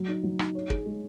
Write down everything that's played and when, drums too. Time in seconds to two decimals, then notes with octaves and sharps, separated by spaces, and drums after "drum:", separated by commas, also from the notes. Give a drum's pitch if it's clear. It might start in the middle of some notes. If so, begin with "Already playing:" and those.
Already playing: F#3
0.08 D#4
0.23 F#3
0.39 D#4, drum: rim click
0.55 C#5
0.70 G#4, drum: kick
0.86 G#3